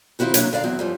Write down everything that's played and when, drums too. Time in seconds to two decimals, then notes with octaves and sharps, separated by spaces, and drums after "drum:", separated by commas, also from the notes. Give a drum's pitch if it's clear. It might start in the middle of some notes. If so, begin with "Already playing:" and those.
0.19 D#3 F3 C4 E4 F#4 G4
0.34 C3 F#3 A#3 D4 G4 C#5, drum: hi-hat
0.52 F#2 D3 D5 F5 A#5
0.63 E2 F#3 C4 E4
0.79 F#2 F3 G3